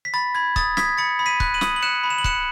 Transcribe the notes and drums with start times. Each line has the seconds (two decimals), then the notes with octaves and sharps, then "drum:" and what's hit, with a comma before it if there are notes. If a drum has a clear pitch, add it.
0.05 B6
0.14 B5 A6
0.35 B5 G#6
0.56 D#6 A6, drum: kick
0.77 D#6 G#6 B6, drum: snare
0.98 B5 A6 C#7
1.19 B5
1.26 B6 D#7
1.40 F#6, drum: kick
1.54 D#7 F#7
1.61 D#6, drum: snare
1.76 F#7
1.82 F#6 C#7 E7
2.03 B5
2.10 E7
2.18 F#7
2.24 F#6 C#7 E7, drum: kick